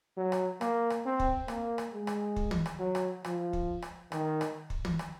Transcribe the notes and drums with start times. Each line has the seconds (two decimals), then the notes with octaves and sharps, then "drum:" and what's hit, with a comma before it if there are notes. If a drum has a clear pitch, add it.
0.17 F#3
0.32 drum: rim click
0.61 A#3, drum: rim click
0.90 drum: rim click
1.06 C4
1.20 drum: kick
1.48 A#3, drum: rim click
1.78 drum: rim click
1.93 G#3
2.07 drum: rim click
2.36 drum: kick
2.51 drum: tom
2.66 drum: rim click
2.80 F#3
2.95 drum: rim click
3.25 F3, drum: rim click
3.53 drum: kick
3.82 drum: rim click
4.12 D#3, drum: rim click
4.41 drum: rim click
4.70 drum: kick
4.85 drum: tom
4.99 drum: rim click